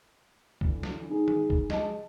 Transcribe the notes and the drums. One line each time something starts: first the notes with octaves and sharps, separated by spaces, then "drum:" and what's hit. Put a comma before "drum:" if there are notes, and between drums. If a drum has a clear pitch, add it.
F2 D3 E3, drum: kick
drum: snare
G#2 D#4 G#4
drum: tom
drum: kick
G#3 D#5 A5, drum: snare